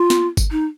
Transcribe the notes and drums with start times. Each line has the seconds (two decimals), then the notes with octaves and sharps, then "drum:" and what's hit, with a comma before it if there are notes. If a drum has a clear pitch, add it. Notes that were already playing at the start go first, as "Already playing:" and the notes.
Already playing: F4
0.10 drum: snare
0.37 drum: kick G1, tambourine
0.51 D#4